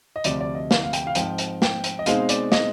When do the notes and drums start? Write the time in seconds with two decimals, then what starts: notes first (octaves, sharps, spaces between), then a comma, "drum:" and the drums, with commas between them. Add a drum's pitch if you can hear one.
0.16 D#5
0.24 D2 C3 F3 D5, drum: hi-hat
0.41 D5
0.55 D#5
0.71 F5, drum: snare
0.83 F5
0.93 G5, drum: hi-hat
1.07 F5
1.15 G#2 F3 C4 G5, drum: hi-hat
1.38 drum: hi-hat
1.62 G5, drum: snare
1.84 drum: hi-hat
1.99 D#5
2.06 B2 G#3 C4 D#4 F5, drum: hi-hat
2.29 D5, drum: hi-hat
2.52 D#5, drum: snare